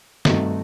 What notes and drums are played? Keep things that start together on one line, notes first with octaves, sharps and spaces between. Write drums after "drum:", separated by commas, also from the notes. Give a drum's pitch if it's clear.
G2 C3 D#3 A3 D#4 F#4, drum: snare